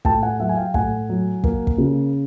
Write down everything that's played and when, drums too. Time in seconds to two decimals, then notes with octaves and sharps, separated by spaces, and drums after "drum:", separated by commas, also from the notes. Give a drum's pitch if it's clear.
0.05 A2 G5 A5, drum: kick
0.23 F#5 G#5
0.40 F#3 E5 F#5
0.49 G#5
0.57 F5 G5
0.74 A2 F#5 G#5, drum: kick
1.09 F#3
1.44 A#3, drum: kick
1.67 drum: kick
1.78 C#3